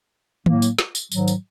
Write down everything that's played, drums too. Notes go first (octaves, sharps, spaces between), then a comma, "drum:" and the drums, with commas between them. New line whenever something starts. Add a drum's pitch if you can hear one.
A2 F#3 A#3, drum: tom
drum: tambourine
drum: snare
drum: tambourine
G#2 D#3 F#3, drum: tambourine
drum: tambourine